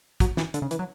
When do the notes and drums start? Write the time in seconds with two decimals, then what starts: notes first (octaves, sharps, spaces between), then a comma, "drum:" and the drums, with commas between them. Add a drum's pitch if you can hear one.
0.20 F#3, drum: kick, hi-hat
0.37 E3, drum: snare
0.54 D3, drum: hi-hat
0.62 C#3
0.71 E3, drum: hi-hat
0.79 F#3